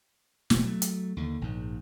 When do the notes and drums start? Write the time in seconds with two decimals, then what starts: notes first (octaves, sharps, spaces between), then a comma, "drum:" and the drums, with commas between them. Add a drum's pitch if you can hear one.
0.50 E1 B2, drum: snare
0.63 F#3 A3
0.82 drum: hi-hat
1.17 D#2 D3
1.41 A#1 G#2